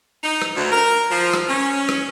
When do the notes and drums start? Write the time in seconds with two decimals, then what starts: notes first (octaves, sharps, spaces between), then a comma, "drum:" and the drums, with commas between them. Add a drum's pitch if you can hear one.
0.23 D#4
0.42 drum: rim click
0.55 D2
0.71 A#4
1.10 F3
1.34 drum: rim click
1.49 C#4
1.89 drum: rim click